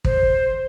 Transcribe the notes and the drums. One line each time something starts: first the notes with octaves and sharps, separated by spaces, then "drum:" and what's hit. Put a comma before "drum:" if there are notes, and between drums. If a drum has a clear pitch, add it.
C5, drum: kick